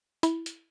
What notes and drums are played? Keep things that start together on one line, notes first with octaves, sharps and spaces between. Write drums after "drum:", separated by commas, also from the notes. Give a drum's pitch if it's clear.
E4, drum: hi-hat
drum: hi-hat